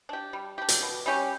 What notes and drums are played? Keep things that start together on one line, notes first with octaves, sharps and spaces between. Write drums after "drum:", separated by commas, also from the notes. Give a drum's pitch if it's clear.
D4 G4
G3
D4 G4
drum: hi-hat
B2
G3 C#4 G4